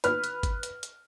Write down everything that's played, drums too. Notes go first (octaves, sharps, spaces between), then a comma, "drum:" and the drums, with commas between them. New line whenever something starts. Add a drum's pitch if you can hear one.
B4 F6, drum: hi-hat
drum: hi-hat
drum: kick, hi-hat
drum: hi-hat
drum: hi-hat